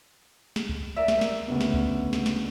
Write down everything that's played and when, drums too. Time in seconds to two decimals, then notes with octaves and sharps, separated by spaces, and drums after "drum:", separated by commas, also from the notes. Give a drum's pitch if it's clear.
0.56 drum: snare
0.69 drum: kick C#2
0.96 A#4 D5 E5
1.08 drum: snare
1.21 drum: snare
1.47 D2 C#3 B3
1.61 drum: snare
1.74 drum: kick C#2
2.13 drum: snare
2.26 drum: snare